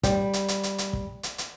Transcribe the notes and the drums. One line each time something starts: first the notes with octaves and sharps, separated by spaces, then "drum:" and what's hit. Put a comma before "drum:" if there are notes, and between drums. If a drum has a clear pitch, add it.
G3, drum: kick, hi-hat
drum: hi-hat
drum: hi-hat
drum: hi-hat
drum: hi-hat
drum: kick
drum: hi-hat
drum: hi-hat